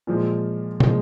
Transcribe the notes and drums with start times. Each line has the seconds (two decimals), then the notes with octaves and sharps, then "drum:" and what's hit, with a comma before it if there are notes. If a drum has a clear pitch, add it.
0.07 A#2 F3 G#3
0.80 A#2 F3 G#3, drum: tom